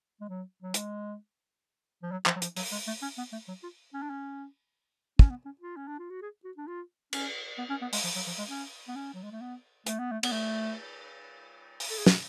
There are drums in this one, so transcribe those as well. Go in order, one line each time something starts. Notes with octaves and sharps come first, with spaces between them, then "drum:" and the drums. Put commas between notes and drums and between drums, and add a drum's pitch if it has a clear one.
G#3
F#3
F#3
G#3, drum: hi-hat
F3
F#3
F3, drum: clap
F#3
F3, drum: hi-hat
F#3, drum: open hi-hat
G#3
A3
C#4
B3
A3
F#3
F4
C#4
D4
C#4
C#4, drum: kick
B3
C#4
F4
C#4
D4
F4
F#4
G#4
F#4
D4
F4
C#4, drum: cymbal
B3
C#4
B3
G#3, drum: open hi-hat
F3
F#3
F3
G#3
C#4
B3
C#4
F#3
G#3
A3
B3
A3, drum: hi-hat
B3
A3
B3, drum: cymbal
A3
drum: open hi-hat
A4
G#4
F#4, drum: snare